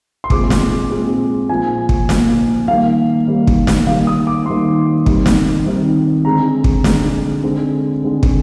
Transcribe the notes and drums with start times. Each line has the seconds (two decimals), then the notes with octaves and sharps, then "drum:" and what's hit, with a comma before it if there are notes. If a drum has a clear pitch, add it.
0.24 C6
0.30 A#2 G#3 C4 D6, drum: kick
0.50 drum: snare
0.90 A#2 G#3 C4
1.49 A#2 F3 A#3 G#5
1.89 drum: kick
2.09 A#2 F3 A#3, drum: snare
2.68 D#3 G3 A#3 F5
3.28 D#3 G3 A#3
3.47 drum: kick
3.67 drum: snare
3.87 D#3 G3 A#3 F5
4.07 D#6
4.27 D6
4.46 D#3 G3 A#3 C6
5.06 D#3 G3 C4, drum: kick
5.26 drum: snare
5.65 D#3 G3 C4
6.25 D3 G#3 C4 A#5
6.64 drum: kick
6.84 D3 G#3 C4, drum: snare
7.43 D3 G#3 C4
8.02 D3 G#3 C4
8.23 drum: kick